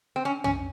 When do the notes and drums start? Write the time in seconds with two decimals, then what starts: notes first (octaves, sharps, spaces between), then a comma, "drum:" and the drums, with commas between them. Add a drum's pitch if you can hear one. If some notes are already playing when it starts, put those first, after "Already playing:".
0.16 C4
0.25 C#4
0.44 C#4, drum: tom